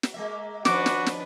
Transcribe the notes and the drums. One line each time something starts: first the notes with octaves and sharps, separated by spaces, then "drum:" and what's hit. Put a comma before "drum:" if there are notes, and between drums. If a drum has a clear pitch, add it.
drum: snare
G#3 A#3 E5
D#3 F3 C#4 D4 F#4 B4 D6, drum: snare
drum: snare
drum: snare